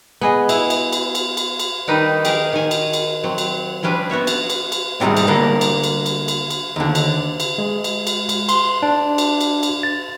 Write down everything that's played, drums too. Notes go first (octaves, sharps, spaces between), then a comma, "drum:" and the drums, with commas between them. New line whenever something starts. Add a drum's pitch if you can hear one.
B3 G#4 D#5
E4, drum: cymbal
drum: cymbal
drum: cymbal
drum: cymbal
drum: cymbal
drum: cymbal
D#3 G3 D4 D#4 B4
G4 G#4 A#4, drum: cymbal
D#3 G#5
drum: cymbal
drum: cymbal
F#3 C4
drum: cymbal
F3 G3 C#4 D4 B4
B3 F#4 C#5 E5
drum: cymbal
drum: cymbal
drum: cymbal
G#2 C3 F3 G3 G#3
drum: cymbal
D3 G3 A#3
drum: cymbal
drum: cymbal
drum: cymbal
drum: cymbal
drum: cymbal
D#2 D3
drum: cymbal
drum: cymbal
G#3
drum: cymbal
drum: cymbal
drum: cymbal
C6, drum: cymbal
D4
drum: cymbal
drum: cymbal
drum: cymbal
A6